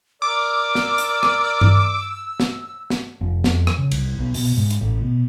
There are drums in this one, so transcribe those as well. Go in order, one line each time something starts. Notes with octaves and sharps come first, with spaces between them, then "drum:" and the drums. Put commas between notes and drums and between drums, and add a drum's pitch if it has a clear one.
A#4 D5 D6 E6
drum: snare
drum: hi-hat
drum: rim click
drum: tom G2
drum: snare
drum: snare
F1
F2, drum: snare
drum: rim click
C#3
C2, drum: cymbal
B1
B2, drum: open hi-hat
G#2
drum: hi-hat
A1
B2